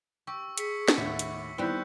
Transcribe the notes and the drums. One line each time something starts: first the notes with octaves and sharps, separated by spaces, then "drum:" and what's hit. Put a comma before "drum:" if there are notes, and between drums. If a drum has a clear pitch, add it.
G4 C#6 E6
G#4 B6 C#7, drum: hi-hat
drum: snare
D#2 A2 F#4 E5 B6
drum: hi-hat
D#3 G3 B3 C4 E4 E6 F#6 G6